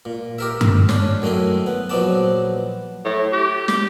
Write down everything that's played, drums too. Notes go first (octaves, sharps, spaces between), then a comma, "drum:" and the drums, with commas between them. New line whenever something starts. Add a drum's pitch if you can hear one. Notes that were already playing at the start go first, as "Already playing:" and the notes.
A#2
G4 A#4 E5
drum: tom G2
C#4 D4, drum: snare
F#2 D#3 A3 E4 C6
B3
A#1 F#3 B3 C4 D5 A5
A2
G4
G4, drum: snare